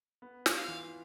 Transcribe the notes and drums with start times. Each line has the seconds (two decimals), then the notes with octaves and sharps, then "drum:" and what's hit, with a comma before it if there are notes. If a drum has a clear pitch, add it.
0.22 B3
0.46 F4, drum: snare
0.57 F5
0.68 E3